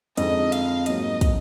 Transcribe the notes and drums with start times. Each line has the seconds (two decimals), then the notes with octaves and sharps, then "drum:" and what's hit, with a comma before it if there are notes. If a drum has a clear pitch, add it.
0.17 F2 D3 G#3 D#4 D#5, drum: hi-hat
0.52 F5, drum: hi-hat
0.86 G#2 F#3 A#3 D#4 D#5, drum: hi-hat
1.21 drum: kick, hi-hat